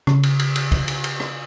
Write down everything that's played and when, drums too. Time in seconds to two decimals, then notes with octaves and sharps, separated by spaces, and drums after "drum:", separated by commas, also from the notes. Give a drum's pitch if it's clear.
0.07 C#3, drum: rim click
0.23 drum: cymbal
0.39 drum: cymbal
0.56 drum: cymbal
0.72 drum: kick, cymbal
0.88 drum: cymbal
1.04 drum: cymbal
1.20 drum: rim click